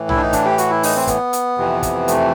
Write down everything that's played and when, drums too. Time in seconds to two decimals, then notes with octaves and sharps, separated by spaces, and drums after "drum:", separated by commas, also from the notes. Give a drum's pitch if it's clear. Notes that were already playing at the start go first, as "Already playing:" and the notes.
Already playing: A2 E3
0.09 E4, drum: tom
0.16 D4
0.21 D#4
0.33 D4, drum: kick, hi-hat
0.45 G4
0.58 F#4, drum: hi-hat
0.70 E4
0.83 D#4, drum: open hi-hat
0.96 C4
1.07 B3, drum: kick, hi-hat
1.33 drum: hi-hat
1.58 F2 C3 E3
1.83 drum: kick, hi-hat
2.08 A3, drum: hi-hat